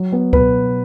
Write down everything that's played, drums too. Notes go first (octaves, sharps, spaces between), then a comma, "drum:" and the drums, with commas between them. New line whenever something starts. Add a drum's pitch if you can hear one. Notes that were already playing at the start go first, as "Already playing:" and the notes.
Already playing: F#3
B3
B2 B4, drum: kick C#2